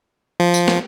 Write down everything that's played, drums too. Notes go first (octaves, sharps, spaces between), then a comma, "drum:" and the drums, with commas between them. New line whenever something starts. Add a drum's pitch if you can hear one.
F3
drum: tambourine
drum: snare